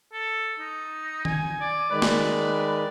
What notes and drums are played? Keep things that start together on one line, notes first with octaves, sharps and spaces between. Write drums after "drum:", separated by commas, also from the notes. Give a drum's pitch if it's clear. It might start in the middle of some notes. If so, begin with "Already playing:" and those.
A4
D#4
G#5, drum: tom D#3
D5
D#3 G#3 B4 D5
drum: snare